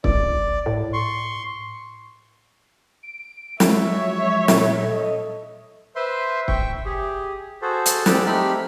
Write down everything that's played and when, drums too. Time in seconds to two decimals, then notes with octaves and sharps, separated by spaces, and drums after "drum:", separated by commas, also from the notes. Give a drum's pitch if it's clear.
0.04 C#2 D5, drum: kick
0.66 A2
0.93 C6 C#6
3.03 D7
3.60 F3 F#3 G#3 C#5 E5, drum: snare
4.48 A#2 A4, drum: snare
4.90 A4 D#5
5.96 B4 C5 E5 C6
6.48 E5 G5 C#6, drum: kick
6.85 G4 G#4
7.62 F#4 G#4 A4 C5
7.86 drum: hi-hat
8.06 C4 G4 G#4 D5 F#5 E6, drum: snare
8.26 A3 C4 D#4 G4 B5 F6